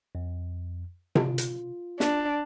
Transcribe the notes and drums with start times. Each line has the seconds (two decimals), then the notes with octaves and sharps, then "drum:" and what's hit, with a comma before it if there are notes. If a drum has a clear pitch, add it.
0.15 F2
1.15 F4, drum: tom C3
1.38 drum: hi-hat
2.00 D4, drum: snare